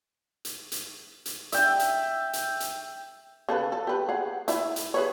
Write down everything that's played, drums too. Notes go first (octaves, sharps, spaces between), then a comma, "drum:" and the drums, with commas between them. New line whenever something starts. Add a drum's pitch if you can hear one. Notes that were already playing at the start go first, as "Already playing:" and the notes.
drum: hi-hat
drum: hi-hat
drum: hi-hat
E5 G5, drum: hi-hat
drum: hi-hat
drum: hi-hat
drum: hi-hat
C#3 A4 B4
A4
G4 B4
G#4 F#5
E4 E5, drum: hi-hat
drum: hi-hat
G#4 B4 C#5